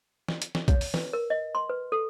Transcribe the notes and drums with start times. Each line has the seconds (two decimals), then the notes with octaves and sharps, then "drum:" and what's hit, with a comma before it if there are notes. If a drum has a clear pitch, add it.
0.28 drum: snare
0.42 drum: hi-hat
0.55 drum: snare
0.68 C#5, drum: kick, hi-hat
0.81 drum: open hi-hat
0.94 B4, drum: snare
1.13 A#4
1.30 D#5
1.55 C6
1.70 B4
1.92 A4